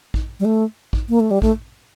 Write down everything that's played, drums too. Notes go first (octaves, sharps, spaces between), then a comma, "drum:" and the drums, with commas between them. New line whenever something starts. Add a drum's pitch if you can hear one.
drum: kick A1
G3
A3
drum: kick A1
A#3
A3
G3
A3, drum: kick A1